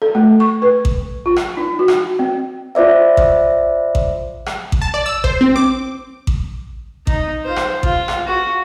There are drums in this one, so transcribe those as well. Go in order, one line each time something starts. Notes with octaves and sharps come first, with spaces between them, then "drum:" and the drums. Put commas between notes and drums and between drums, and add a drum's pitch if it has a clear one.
A4
A3
C#6
B4
drum: kick A1
F4
drum: rim click
D#4
F#4
drum: rim click
C4
F4 C5 D5 E5
drum: kick A1
drum: kick A1
drum: rim click
drum: kick A1
A5
D5
E6
C5, drum: kick A1
C4
D6
drum: kick A1
D#4, drum: kick A1
F4 C5
drum: rim click
F4, drum: kick A1
drum: rim click
F#4